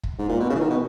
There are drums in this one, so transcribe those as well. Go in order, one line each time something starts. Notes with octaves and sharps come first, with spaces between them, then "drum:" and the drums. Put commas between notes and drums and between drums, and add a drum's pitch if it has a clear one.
drum: kick
G#2
A#2
B2
C#3
E3
D#3
B2